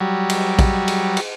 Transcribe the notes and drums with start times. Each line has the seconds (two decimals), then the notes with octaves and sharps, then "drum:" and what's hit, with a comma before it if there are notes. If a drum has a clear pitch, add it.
0.01 F#3 G3
0.30 drum: cymbal
0.59 drum: kick, cymbal
0.88 drum: cymbal
1.17 drum: cymbal